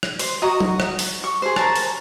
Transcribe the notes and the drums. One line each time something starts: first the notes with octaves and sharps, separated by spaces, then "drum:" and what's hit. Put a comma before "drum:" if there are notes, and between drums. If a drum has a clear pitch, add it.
drum: rim click
C5, drum: open hi-hat
F#4 D#5 A#5 C#6
drum: tom F#3
drum: rim click
drum: open hi-hat
C#6
G#4 C5
A#4 C5 C#5 A5, drum: rim click
drum: open hi-hat